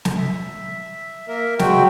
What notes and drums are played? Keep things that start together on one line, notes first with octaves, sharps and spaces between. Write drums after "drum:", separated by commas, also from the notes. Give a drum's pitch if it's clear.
drum: snare
E5
A#3 A#4 E5
F#3 G#3 F#4 G5, drum: snare